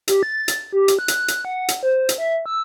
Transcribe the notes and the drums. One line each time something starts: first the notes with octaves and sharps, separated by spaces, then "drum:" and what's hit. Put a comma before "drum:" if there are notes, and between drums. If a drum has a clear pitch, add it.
G4, drum: hi-hat
A6
drum: hi-hat
G4
drum: hi-hat
F#6
drum: hi-hat
drum: hi-hat
F#5
drum: hi-hat
C5
drum: hi-hat
E5
E6